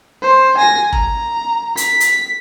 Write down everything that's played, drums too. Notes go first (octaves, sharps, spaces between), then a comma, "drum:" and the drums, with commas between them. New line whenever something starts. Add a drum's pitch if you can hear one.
C5
G#5 A#6
A#5, drum: kick
B6, drum: hi-hat
drum: hi-hat